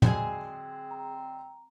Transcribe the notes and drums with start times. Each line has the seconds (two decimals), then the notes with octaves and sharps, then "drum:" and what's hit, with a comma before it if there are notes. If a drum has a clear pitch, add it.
0.02 D3 F#3 G#3 C4 G#4 C5, drum: tom
0.91 A#5